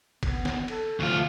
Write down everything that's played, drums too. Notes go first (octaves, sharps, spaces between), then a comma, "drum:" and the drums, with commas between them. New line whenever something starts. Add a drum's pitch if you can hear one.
B3, drum: kick, cymbal
drum: snare
A4, drum: cymbal
D2 F3 F4